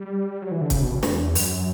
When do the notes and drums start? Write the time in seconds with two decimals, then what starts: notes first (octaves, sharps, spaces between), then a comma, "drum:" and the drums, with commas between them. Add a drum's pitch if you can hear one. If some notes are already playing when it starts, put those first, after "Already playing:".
Already playing: G3
0.42 F#3
0.51 E3
0.61 D3
0.70 C#3, drum: kick C#1, hi-hat
0.82 B2
0.91 G2
1.03 E2, drum: snare
1.35 F#2, drum: open hi-hat